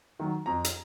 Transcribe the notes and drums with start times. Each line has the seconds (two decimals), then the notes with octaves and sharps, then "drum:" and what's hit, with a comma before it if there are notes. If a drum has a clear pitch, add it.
0.19 D#3 F#3
0.46 F2 A#5
0.65 drum: hi-hat